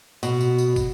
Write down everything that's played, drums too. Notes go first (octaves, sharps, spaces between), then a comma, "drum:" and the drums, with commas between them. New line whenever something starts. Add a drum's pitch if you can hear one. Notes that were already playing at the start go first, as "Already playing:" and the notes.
B2, drum: tambourine
drum: tambourine
drum: tambourine
drum: kick, tambourine